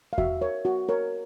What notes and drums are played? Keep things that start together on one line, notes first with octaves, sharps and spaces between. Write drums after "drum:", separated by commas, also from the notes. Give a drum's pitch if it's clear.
F5
F#4 E5, drum: kick E2
A#4 C#5
F#4
A#4 C#5